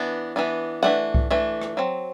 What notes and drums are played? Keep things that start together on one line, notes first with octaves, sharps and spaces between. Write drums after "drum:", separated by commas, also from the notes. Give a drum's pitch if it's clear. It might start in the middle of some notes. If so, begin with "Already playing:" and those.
Already playing: E3 B3 D4
E3 B3 D4
E3 A3 D4 F#5
drum: kick C2
E3 A3 D4
drum: rim click
F#3 C4